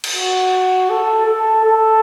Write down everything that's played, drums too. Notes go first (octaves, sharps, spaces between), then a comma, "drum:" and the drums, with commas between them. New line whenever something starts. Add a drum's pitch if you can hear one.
drum: cymbal
F#4
A4
A4
A4